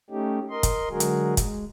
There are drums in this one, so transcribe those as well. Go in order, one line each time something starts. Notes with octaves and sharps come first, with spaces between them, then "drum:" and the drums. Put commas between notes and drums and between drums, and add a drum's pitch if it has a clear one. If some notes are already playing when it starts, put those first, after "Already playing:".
A3 C#4 D#4 G4
A#4 D#5 C6
drum: kick, hi-hat
D3 F#3 G#3 F#4 G#4 A#4
drum: hi-hat
G#3, drum: kick, hi-hat